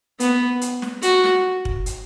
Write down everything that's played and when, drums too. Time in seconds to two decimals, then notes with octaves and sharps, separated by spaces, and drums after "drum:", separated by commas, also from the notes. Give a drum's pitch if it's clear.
0.20 B3, drum: hi-hat
0.61 drum: hi-hat
0.82 drum: snare
1.02 F#4, drum: hi-hat
1.24 drum: snare
1.65 drum: kick
1.86 drum: hi-hat